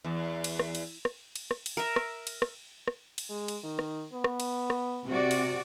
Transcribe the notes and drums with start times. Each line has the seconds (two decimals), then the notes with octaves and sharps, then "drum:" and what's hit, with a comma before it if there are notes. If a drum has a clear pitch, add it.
0.04 E2
0.44 drum: cymbal
0.59 drum: rim click
0.75 drum: cymbal
1.05 drum: rim click
1.35 drum: cymbal
1.51 drum: rim click
1.66 drum: cymbal
1.77 A#4 E5
1.96 drum: rim click
2.27 drum: cymbal
2.42 drum: rim click
2.88 drum: rim click
3.18 drum: cymbal
3.30 G#3
3.48 drum: cymbal
3.64 D#3
3.79 drum: rim click
4.13 B3
4.24 drum: rim click
4.40 drum: cymbal
4.70 drum: rim click
5.08 C3 F#4 D5
5.31 drum: cymbal